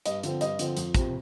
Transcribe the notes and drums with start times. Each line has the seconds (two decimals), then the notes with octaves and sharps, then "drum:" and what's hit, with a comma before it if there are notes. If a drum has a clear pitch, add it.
0.06 G2 D#5, drum: hi-hat
0.23 D3 F3 C4, drum: hi-hat
0.41 G2 D#5, drum: hi-hat
0.59 D3 F3 C4, drum: hi-hat
0.77 F2, drum: hi-hat
0.95 C3 F3 C4, drum: kick, hi-hat